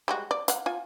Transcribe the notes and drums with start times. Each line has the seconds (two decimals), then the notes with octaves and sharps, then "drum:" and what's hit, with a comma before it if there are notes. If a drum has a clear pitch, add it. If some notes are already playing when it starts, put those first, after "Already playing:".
0.08 G3 G#3 F#4
0.31 D5
0.48 F5 F#5, drum: hi-hat
0.66 F4 G#5